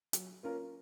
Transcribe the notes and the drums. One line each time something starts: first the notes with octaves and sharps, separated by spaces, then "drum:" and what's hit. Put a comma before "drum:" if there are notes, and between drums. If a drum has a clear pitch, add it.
F#3, drum: hi-hat
A#3 C#4 F4 A#4